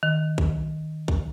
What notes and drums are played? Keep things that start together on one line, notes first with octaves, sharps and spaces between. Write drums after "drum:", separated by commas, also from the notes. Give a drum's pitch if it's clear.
D#3
drum: kick
drum: kick